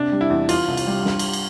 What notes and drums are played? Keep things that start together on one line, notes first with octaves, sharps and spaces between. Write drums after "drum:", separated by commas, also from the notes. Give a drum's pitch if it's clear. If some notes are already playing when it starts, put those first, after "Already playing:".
Already playing: C3 D4
G3
E4
E2
E3 F4, drum: cymbal
C2
drum: cymbal
G3
G2, drum: snare
drum: cymbal
drum: cymbal